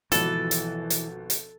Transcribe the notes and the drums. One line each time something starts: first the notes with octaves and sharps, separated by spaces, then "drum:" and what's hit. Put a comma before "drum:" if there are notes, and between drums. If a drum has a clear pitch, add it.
G#1 B2 E3 F3 A4, drum: hi-hat
drum: hi-hat
drum: hi-hat
drum: hi-hat